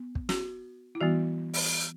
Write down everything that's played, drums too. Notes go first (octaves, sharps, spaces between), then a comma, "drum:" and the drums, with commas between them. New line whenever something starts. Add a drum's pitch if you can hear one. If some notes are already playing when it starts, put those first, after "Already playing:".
Already playing: B3
drum: kick
F#4, drum: snare
E4
E3 G3 B3 F#4
drum: open hi-hat